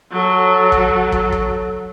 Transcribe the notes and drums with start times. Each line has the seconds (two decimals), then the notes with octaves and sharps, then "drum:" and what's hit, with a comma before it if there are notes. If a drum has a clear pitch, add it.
0.12 F#3 A4
0.72 drum: kick
1.12 drum: kick
1.32 drum: kick